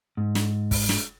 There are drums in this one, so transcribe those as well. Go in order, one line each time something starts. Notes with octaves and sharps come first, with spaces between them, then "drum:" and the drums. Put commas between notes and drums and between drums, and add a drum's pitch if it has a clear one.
G#2
drum: snare
drum: kick, open hi-hat
drum: snare